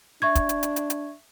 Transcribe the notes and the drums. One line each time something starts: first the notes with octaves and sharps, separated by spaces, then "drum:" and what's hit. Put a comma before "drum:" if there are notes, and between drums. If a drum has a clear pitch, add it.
D4 E5 C#6 G#6
drum: kick, hi-hat
drum: hi-hat
drum: hi-hat
drum: hi-hat
drum: hi-hat